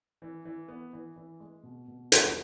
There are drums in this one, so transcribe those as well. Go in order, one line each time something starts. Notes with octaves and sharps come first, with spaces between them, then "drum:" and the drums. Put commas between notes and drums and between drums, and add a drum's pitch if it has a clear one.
E3
E3
B3
E3
E3
G#3
B2
B2
E2, drum: hi-hat